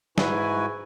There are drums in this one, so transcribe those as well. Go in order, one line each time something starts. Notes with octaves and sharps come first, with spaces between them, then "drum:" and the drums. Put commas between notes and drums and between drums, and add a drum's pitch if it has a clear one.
G#2 E4 F#4 B4 G#5, drum: snare